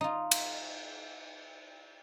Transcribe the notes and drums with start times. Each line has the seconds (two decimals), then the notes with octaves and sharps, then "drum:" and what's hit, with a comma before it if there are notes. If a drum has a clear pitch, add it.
0.01 D#4 F4
0.31 drum: cymbal